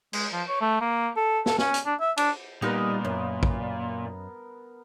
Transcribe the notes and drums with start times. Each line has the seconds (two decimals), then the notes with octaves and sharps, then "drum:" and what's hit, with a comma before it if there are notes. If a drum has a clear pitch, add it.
0.13 G#3, drum: cymbal
0.33 F3
0.48 C#5
0.61 A3
0.81 A#3
1.16 A4
1.46 A4, drum: snare
1.58 C#4, drum: snare
1.74 drum: hi-hat
1.86 D4
2.00 E5
2.17 D4, drum: cymbal
2.62 A#2 G3 B3 D#4 A#4 B4 D#5
3.05 F#2
3.43 drum: kick